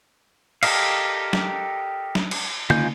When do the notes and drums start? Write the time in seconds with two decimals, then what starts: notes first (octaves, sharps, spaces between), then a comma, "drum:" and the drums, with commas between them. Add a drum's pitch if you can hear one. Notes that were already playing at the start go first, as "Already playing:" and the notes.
0.63 G4 A4 A#4 D#5 F5, drum: cymbal
1.33 drum: snare
2.15 drum: snare
2.31 drum: cymbal
2.70 C#3 G#3 F4 G#5 G6, drum: tom